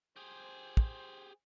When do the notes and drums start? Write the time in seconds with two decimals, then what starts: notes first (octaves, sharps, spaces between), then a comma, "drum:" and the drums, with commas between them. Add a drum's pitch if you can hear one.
0.16 G4 G#4 C5
0.77 drum: kick